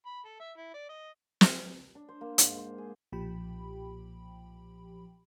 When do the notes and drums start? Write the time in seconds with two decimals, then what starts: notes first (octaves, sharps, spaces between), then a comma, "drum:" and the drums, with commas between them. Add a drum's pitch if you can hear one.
0.06 B5
0.25 A4
0.40 E5
0.57 E4
0.74 D5
0.89 D#5
1.41 drum: snare
1.95 D4
2.08 C5
2.21 A#3
2.38 G#2, drum: hi-hat
2.57 C5
2.78 G#4
3.12 B1 A#2 F3 G4 G5 B5